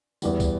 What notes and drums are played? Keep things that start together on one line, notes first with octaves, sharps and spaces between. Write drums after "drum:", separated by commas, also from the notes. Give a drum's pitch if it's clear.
E2 E3 G3, drum: tambourine
drum: kick, tambourine